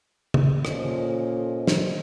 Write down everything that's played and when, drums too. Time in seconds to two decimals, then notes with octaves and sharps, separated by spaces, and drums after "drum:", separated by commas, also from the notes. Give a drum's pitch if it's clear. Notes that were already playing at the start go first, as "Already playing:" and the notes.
0.34 drum: tom
0.65 A#2 C#4 F4 A4 C5 D#5, drum: rim click
1.67 drum: snare